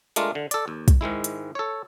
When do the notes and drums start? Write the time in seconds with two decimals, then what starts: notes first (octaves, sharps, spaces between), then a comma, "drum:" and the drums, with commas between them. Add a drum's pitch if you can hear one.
0.16 G#3 A3 D4 F4 A#4, drum: hi-hat
0.35 D3
0.51 A4 D5, drum: hi-hat
0.68 D#2
0.88 drum: kick, hi-hat
1.01 G#2 D#3 G#3 E4
1.24 drum: hi-hat
1.55 A4 C#5